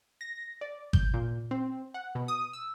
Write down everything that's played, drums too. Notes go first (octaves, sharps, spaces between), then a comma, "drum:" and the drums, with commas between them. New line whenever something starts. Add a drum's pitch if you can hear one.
A#6
D5
G6, drum: kick G#1
A#2
C4
F#5
B2
D#6
E6